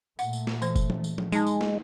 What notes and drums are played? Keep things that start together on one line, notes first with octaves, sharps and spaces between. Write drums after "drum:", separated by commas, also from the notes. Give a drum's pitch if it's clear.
A#2 A3 F#5, drum: tambourine
drum: tambourine
drum: snare
E3 C5, drum: tambourine
drum: kick F1, tambourine
drum: tom E3
drum: tambourine
drum: tom F3
G#3 D#4 A5, drum: tambourine
drum: tambourine
drum: snare